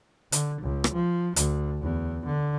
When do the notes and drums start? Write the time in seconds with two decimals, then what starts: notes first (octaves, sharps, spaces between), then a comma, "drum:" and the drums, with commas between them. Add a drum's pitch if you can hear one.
0.32 D3, drum: hi-hat
0.61 C#2
0.84 drum: rim click
0.94 F3
1.36 D2, drum: hi-hat
1.82 E2
2.26 D3